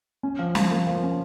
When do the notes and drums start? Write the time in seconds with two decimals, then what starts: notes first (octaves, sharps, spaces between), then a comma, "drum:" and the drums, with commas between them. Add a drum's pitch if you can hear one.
0.23 C#4
0.39 F3
0.55 F3, drum: snare
0.71 A#3
0.87 F3
1.03 C#4